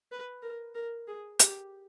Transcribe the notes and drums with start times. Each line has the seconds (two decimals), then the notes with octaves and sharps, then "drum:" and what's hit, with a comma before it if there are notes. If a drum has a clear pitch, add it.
0.11 B4
0.42 A#4
0.75 A#4
1.07 G#4
1.39 G4, drum: hi-hat